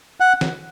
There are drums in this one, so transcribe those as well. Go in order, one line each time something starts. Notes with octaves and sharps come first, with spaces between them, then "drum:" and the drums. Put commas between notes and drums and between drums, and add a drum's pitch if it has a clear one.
F#5
drum: snare